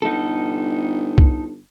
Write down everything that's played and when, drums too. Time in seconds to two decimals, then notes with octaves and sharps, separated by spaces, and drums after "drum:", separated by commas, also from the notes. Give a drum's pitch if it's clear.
0.02 G1 D#4 A4
1.18 drum: kick